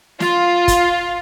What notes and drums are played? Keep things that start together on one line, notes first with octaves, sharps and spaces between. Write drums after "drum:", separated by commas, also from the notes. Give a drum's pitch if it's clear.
F4, drum: snare
drum: kick, hi-hat